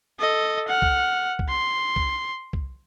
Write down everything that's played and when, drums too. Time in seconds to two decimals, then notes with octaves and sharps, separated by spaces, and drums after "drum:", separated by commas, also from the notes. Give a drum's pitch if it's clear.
0.19 A4 D#5
0.68 F#5 F6
0.82 drum: kick C2
1.39 drum: kick C2
1.49 C6
1.96 drum: kick C2
2.53 drum: kick C2